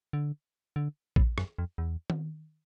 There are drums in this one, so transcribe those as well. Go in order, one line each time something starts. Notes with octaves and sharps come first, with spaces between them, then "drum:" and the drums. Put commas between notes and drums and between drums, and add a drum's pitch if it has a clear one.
D3
D3
A2, drum: kick A#1
F#2, drum: rim click
F2
E2
drum: tom D#3